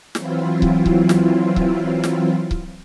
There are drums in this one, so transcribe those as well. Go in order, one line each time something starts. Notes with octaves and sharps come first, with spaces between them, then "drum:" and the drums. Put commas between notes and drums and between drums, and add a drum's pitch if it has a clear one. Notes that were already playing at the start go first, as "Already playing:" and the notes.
E3 F#3 C4 E4 F4, drum: snare
drum: kick C#1
drum: kick C#1
drum: snare
drum: kick C#1
drum: snare
drum: kick C#1